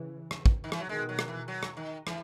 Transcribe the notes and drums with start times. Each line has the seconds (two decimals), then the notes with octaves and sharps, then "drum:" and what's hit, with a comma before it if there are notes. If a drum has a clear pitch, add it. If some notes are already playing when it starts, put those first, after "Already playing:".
Already playing: C#3 E3
0.31 drum: rim click
0.46 drum: kick
0.64 D#3
0.72 E3, drum: rim click
0.80 F#3
0.89 B2 D#3 G#3
1.09 F#3
1.19 drum: rim click
1.28 E3
1.48 F#3
1.63 drum: rim click
1.77 D#3
2.07 E3, drum: rim click